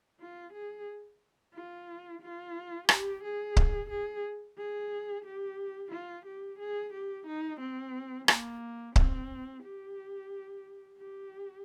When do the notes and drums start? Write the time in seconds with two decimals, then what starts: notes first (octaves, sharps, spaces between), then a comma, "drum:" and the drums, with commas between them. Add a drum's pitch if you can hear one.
0.20 F4
0.54 G#4
1.54 F4
2.22 F4
2.89 G4, drum: rim click
3.23 G#4
3.57 drum: kick C#1
3.90 G#4
4.58 G#4
5.25 G4
5.92 F4
6.26 G4
6.59 G#4
6.93 G4
7.27 D#4
7.60 C4
8.28 A#3, drum: rim click
8.96 C4, drum: kick C#1
9.63 G4
10.97 G4